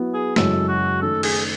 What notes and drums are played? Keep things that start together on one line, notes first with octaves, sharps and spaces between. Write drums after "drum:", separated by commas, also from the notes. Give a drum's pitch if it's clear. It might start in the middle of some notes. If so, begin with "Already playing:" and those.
Already playing: F#3 B3 E4
G#4
F#2 C#3 G#3 C#4 E4 A4, drum: snare
F#4
D#3 A3 C#4 A4
G#4, drum: cymbal